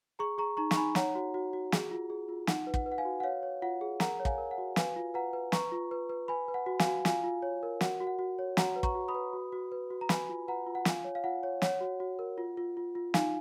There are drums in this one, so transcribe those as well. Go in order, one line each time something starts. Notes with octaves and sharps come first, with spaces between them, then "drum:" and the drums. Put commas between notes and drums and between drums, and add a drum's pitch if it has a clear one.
G#4 A#5 C#6
G#4 A#5 C#6
D#4 A#5 C#6
C#6, drum: snare
D#4 G#5 B5
C#5 F#5 A#5, drum: snare
F#4
F#4
F#4
G#4, drum: snare
F4
G#4
F4
D#4 F#5, drum: snare
B4
F#5, drum: kick
B4
F#5
F5 G#5
F#4
F#5
C#5 F5
C#5
F4 F#5
G#4
A#4 F#5 A#5, drum: snare
C#5
F5 G#5, drum: kick
A#4
F#5
F#4
B4 F5 G#5, drum: snare
F4
B4 F#5 A#5
B4
B4 A#5 C#6, drum: snare
F4
B4
B4
B4 G#5 B5
B4
F#5
F#4
F5 G#5, drum: snare
F#4
F4 F5 G#5, drum: snare
F4
C#5
A#4
F#4 F#5, drum: snare
F#4
F#5
F#4
C#5
F#4 F#5 A#5, drum: snare
B4
A#5 C#6, drum: kick
F#4
B5 D#6
B4
F#4
F#4
B4
F#4
A#5
B4 G#5 B5, drum: snare
F4
B4 F#5 A#5
F4
F#5
F4 F5 G#5, drum: snare
C#5
F5
F4 F#5
C#5
C#5 F#5, drum: snare
F#4
F#4
A#4
F4
F4
F4
F4
D#4 F5 G#5, drum: snare